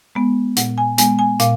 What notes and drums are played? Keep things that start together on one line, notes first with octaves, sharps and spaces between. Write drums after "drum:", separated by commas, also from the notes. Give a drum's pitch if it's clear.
G#3 B3
A#2 F#5, drum: hi-hat
G#5
G#3 B3 G#5, drum: hi-hat
G#5
A#2 F5, drum: hi-hat